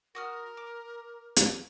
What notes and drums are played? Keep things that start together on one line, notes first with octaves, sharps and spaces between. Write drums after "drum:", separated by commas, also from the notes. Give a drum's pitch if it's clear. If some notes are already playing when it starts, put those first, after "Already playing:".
F#4 A#4 D#6 F6
D6
drum: hi-hat